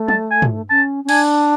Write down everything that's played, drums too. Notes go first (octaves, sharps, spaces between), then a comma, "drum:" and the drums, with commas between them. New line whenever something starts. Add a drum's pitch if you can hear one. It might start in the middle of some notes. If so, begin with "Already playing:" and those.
Already playing: A3
A5, drum: tom
G#5
drum: tom
C#4 A5
C#4
D4 G#5, drum: cymbal